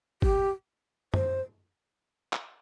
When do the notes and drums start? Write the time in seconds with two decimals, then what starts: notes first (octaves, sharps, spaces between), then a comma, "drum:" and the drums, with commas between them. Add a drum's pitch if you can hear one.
0.22 G4, drum: kick
1.14 C5, drum: tom
2.33 drum: clap